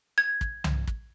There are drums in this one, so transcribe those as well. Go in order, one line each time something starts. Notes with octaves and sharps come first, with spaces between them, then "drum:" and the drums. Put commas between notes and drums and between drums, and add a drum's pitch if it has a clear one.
G#6
drum: kick
drum: tom C2
drum: kick